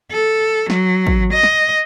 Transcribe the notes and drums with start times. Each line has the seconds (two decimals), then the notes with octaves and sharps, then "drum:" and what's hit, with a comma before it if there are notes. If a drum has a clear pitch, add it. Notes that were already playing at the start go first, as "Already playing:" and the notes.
0.11 A4
0.70 F#3, drum: snare
1.07 drum: kick
1.33 D#5
1.43 drum: snare